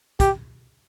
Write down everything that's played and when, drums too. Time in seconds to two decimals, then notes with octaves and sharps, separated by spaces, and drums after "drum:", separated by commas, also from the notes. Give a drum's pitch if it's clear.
0.20 G4, drum: kick, hi-hat